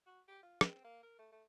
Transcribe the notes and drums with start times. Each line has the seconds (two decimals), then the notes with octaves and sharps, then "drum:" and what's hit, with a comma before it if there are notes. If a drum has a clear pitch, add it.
0.06 F#4
0.28 G4
0.43 F4
0.61 C4, drum: rim click
0.84 A#3
1.03 A#4
1.19 A3
1.32 A3